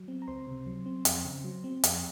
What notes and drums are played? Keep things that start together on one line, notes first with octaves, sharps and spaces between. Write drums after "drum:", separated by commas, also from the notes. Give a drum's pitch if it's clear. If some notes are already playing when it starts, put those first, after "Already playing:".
Already playing: F#3
C4
A#5
C#2 C5 C6
C3
F#3
C4
F2, drum: hi-hat
C#3
F#3
C4
F2, drum: hi-hat